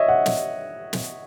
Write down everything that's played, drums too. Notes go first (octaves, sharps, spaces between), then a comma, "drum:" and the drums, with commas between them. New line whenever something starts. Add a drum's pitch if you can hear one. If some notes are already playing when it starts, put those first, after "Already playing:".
Already playing: C#5 D#5 E5
F#5
drum: snare
drum: snare